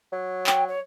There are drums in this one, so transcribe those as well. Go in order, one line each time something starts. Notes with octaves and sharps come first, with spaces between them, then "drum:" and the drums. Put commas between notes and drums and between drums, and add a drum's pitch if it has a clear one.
F#3
G5, drum: clap
C#5